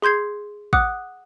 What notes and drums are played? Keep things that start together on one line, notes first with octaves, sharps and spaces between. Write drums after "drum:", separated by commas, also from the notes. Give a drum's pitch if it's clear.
G#4 C6 G6 G#6 C7
F#5 D6 D#6 F#6, drum: kick